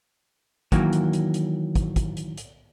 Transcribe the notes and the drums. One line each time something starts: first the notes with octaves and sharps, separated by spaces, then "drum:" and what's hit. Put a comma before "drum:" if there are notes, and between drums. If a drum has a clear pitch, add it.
D#3 E3 F#3 A#3, drum: kick, hi-hat
drum: hi-hat
drum: hi-hat
drum: hi-hat
drum: kick, hi-hat
drum: kick, hi-hat
drum: hi-hat
drum: hi-hat